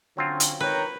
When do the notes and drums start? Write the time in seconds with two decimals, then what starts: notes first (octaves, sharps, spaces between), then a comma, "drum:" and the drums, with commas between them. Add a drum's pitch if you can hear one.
0.17 D3 F#3 C4 C#4 F4
0.40 drum: hi-hat
0.60 G#1 D#3 B4 C#5 G5 A#5